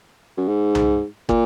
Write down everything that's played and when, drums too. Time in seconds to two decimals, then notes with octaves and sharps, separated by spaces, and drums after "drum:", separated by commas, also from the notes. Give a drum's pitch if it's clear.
0.37 F#2
0.48 G#2
0.75 drum: tom C2
1.29 A#2, drum: kick